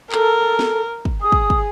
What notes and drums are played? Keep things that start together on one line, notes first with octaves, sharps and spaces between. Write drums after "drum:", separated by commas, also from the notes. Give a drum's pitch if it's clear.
A4 A#4, drum: clap
drum: snare
drum: kick
G#4 D#6
drum: kick
drum: kick